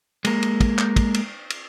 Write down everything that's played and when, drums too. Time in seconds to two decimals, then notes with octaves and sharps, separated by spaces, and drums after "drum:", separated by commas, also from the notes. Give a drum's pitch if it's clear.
0.25 G#3 A#3, drum: cymbal
0.43 drum: cymbal
0.61 drum: kick, cymbal
0.78 drum: clap
0.96 drum: kick, cymbal
1.14 drum: cymbal
1.50 drum: cymbal